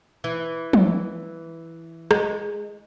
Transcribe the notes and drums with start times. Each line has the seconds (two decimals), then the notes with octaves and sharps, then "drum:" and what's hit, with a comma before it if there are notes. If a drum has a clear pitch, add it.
0.24 E3
0.73 drum: tom
2.11 G#3, drum: rim click